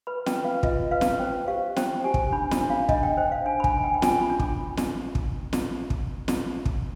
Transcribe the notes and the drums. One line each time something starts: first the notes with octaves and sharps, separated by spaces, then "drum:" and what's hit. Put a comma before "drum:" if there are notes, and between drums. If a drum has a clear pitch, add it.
B4 B5
G5, drum: snare
B4
F5
F4 D#5, drum: kick
B4 F5
drum: snare
C5 G5
G4 F5
C5 G5, drum: snare
G4 G#5
drum: kick
D4 B5
B5, drum: snare
D4
F5
D4 D#5, drum: kick
G5
C5 G5
F5
D4 G#5
B5
G#5, drum: kick
D4
G5
G5
F4 G#5, drum: snare
B5
D4
D6, drum: kick
drum: snare
drum: kick
drum: snare
drum: kick
drum: snare
drum: kick